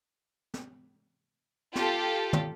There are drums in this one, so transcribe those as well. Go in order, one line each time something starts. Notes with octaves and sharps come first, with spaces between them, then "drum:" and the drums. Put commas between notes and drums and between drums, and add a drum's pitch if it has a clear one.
drum: snare
F4 G4 A4, drum: snare
drum: tom